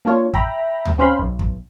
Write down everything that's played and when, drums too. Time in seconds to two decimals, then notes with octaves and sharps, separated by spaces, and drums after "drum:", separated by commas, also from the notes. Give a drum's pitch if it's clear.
0.05 A#3 D4 F4 C#5
0.34 E5 G5 A#5 B5, drum: kick
0.85 drum: tom D2
0.98 C4 C#4 C5 F5 B5 C6
1.19 B1
1.39 drum: kick